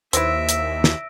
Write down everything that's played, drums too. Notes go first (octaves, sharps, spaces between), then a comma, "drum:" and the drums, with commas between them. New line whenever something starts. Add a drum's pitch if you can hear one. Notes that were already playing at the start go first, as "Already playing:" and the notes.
D#2 E4 B4 C5 E5 E6 A#6 D7, drum: hi-hat
drum: hi-hat
drum: snare